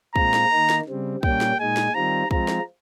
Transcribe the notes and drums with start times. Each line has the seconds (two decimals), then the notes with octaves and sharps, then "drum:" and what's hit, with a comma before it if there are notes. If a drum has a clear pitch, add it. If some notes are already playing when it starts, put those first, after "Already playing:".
0.16 A#2 G#3 C4 F4 A#5, drum: kick
0.34 drum: snare
0.52 D#3 A#3 D#4
0.70 drum: snare
0.88 C#3 G3 C4
1.23 A#2 G3 A#3 C#4 G5, drum: kick
1.41 drum: snare
1.59 A#2 G#3 D#4 G#5
1.77 drum: snare
1.94 D#3 G3 C4 F4 A#5
2.31 F3 G#3 C4 F4 A#5, drum: kick
2.48 drum: snare